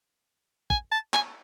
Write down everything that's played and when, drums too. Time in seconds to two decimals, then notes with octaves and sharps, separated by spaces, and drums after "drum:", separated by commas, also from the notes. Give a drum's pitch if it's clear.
0.70 G#5, drum: kick
0.92 A5
1.14 G#5, drum: clap